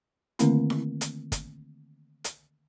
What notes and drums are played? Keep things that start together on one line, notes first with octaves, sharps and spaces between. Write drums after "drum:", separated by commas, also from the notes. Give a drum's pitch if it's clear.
D3 D#3 A3 A#3 C4 E4, drum: hi-hat
drum: snare E4
drum: hi-hat
drum: kick, hi-hat
drum: hi-hat